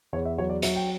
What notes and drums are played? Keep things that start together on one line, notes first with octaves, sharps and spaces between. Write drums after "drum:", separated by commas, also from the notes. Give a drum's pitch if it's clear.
E2 C#5
E5
F#3 C#5
D5
F#3 E5, drum: hi-hat
G5